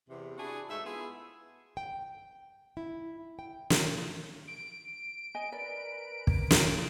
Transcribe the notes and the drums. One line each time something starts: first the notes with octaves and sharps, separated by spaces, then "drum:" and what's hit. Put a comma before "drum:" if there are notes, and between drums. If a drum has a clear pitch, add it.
E2 C3
D4 E4 F#4 G#4
G#2 A3 E5
B3 E4 F4 G#4
G5
E4
G5
drum: snare
D7
D#5 G#5
A#4 B4 D5
drum: kick
drum: snare